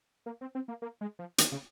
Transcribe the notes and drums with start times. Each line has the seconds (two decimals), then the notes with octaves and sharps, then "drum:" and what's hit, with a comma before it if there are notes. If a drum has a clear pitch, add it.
0.26 A#3
0.41 C4
0.55 C4
0.68 A#3
0.82 A#3
1.01 G#3
1.19 F3
1.38 D#3, drum: hi-hat
1.52 C#3